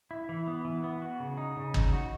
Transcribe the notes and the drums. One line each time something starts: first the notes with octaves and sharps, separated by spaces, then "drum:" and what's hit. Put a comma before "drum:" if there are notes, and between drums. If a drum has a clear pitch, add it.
E4
E3
B3
E3
B3
F#4
C#3
D#4
C#3
D#4, drum: kick
F#4